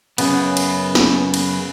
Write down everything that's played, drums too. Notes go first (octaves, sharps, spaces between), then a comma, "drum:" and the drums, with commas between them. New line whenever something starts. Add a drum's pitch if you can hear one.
F#2 C#3 B3, drum: cymbal
drum: cymbal
drum: snare
drum: cymbal